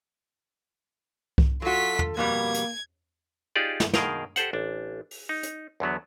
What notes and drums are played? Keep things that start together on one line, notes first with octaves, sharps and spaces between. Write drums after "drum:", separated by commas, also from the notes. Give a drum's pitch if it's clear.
drum: kick C2
F#3 F4 F#4 A4 B6
drum: tom
F2 B2 G3 A#3 G#6
drum: hi-hat
D#4 F4 G4 G#4 D5
drum: snare
B2 D#3 G#4 A#4 F5 G5, drum: snare
G4 A4 C5 F#5, drum: hi-hat
A1 D4
drum: open hi-hat
D#4
drum: hi-hat
E2 D3 F#3 B3